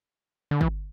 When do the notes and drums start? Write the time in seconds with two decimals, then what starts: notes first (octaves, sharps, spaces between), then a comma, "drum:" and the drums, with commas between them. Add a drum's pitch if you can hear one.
0.51 D3
0.61 E3, drum: kick